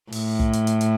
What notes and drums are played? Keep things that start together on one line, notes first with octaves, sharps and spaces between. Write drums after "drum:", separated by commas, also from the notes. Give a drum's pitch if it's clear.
A2, drum: open hi-hat
drum: kick
drum: hi-hat
drum: hi-hat
drum: hi-hat